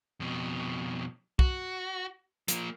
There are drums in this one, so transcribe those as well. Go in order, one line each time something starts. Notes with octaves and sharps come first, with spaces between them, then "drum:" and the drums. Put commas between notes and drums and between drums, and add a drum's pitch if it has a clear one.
F2 B2
F#4, drum: kick
F3 A#3, drum: hi-hat